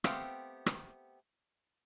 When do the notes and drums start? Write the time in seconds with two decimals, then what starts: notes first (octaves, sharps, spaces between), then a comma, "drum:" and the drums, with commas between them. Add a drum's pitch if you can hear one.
0.04 A3 B3 C4 G4 F5, drum: rim click
0.66 drum: rim click